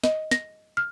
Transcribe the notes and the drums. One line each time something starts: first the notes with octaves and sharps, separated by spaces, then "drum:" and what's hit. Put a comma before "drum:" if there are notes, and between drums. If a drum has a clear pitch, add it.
D#5, drum: snare
A#6, drum: snare
F6